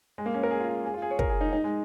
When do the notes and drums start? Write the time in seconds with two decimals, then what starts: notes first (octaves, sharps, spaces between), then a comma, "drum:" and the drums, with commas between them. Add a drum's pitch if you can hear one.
0.18 G#3
0.26 A#3
0.34 C#4
0.43 A#4
0.51 G#4
0.60 F4
0.69 G#4
0.86 G#4
0.94 F4
1.02 G#4
1.10 C#5
1.19 A#4, drum: kick
1.30 G#4
1.41 D#4
1.53 D#4
1.64 G#3